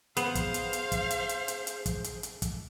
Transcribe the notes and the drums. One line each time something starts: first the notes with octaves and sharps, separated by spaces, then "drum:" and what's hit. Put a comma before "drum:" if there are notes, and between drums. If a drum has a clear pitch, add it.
B3 G#4 C5 F5, drum: hi-hat
drum: kick, hi-hat
drum: hi-hat
drum: hi-hat
drum: kick, hi-hat
drum: hi-hat
drum: hi-hat
drum: hi-hat
drum: hi-hat
drum: kick, hi-hat
drum: hi-hat
drum: hi-hat
drum: kick, hi-hat